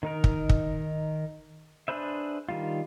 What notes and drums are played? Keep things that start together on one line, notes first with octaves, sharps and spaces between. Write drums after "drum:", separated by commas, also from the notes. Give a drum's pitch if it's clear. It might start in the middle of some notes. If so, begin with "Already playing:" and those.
D#3 D#4 A#4
drum: kick
drum: kick
D4 G#4 B4 C5 E5
D#3 G3 F4